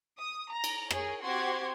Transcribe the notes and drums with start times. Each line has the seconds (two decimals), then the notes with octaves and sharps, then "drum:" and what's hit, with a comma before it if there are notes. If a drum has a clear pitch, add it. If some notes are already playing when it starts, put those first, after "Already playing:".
0.17 D#6
0.51 A#5
0.64 drum: cymbal
0.91 G#4 A#4 C#5, drum: rim click
1.22 C4 F#4 G4 F#5 C6 G#6